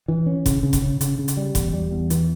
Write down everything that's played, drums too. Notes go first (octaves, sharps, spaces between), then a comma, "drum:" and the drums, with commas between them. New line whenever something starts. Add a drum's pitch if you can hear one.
E3
C#4
C#3, drum: kick F1, hi-hat
C#3
drum: kick F1, hi-hat
C#3
C#3, drum: hi-hat
C#3
drum: hi-hat
G3
E2, drum: kick F1, hi-hat
G3
E2
E3, drum: hi-hat